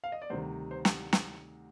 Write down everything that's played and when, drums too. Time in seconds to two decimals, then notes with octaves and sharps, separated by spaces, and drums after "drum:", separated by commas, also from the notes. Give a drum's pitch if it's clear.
0.04 F5
0.12 D#5
0.22 D5
0.30 D2 C3 D#3 G3 C5
0.71 C5
0.85 drum: snare
1.13 drum: snare